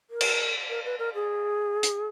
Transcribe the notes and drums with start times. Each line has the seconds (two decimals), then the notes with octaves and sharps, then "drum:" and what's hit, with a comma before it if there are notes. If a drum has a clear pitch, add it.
0.10 A#4
0.21 drum: cymbal
0.69 A#4
0.85 B4
0.99 A#4
1.14 G#4
1.83 drum: hi-hat